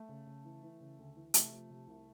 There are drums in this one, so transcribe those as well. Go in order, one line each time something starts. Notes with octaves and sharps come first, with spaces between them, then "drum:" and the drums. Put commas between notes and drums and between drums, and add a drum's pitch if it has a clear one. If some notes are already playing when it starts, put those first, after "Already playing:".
Already playing: A3
C#3
C#3
E3
E3
C#3
D2
E3
C3 A3, drum: hi-hat
F3
C3
C2